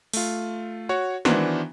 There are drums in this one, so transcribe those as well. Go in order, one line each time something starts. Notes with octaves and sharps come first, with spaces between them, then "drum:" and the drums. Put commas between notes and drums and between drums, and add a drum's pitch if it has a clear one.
A3 F4, drum: open hi-hat
F#4 C#5
D#3 E3 B3 D4 F#4 C5, drum: snare